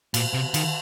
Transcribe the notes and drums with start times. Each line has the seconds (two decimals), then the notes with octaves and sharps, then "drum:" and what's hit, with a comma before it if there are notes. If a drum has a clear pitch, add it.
0.14 A#2, drum: cymbal
0.33 C3
0.54 D#3, drum: cymbal